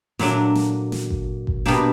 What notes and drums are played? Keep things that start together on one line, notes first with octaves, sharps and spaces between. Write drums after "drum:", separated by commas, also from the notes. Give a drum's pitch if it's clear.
A#2 F#3 A3 D4, drum: snare
drum: snare
drum: snare
drum: kick G1
drum: kick G1
B2 G3 A#3 D4, drum: snare